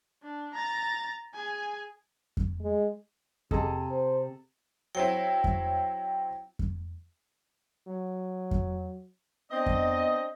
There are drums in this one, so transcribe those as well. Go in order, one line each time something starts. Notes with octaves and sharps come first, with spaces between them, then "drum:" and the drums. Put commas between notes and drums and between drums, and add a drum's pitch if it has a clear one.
D4
A#5 A6
G#4 G#5
drum: kick F2
G#3
C3 G#4 A4 D#5, drum: kick F2
C5
F#3 C4 E4 G5
drum: kick F2
drum: kick F2
F#3
drum: kick F2
B3 C4 D4 D#5
drum: kick F2